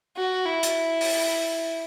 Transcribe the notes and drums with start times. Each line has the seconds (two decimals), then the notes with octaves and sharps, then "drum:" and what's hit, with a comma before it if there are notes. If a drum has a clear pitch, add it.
0.16 F#4
0.46 E4
0.63 drum: hi-hat
1.01 drum: open hi-hat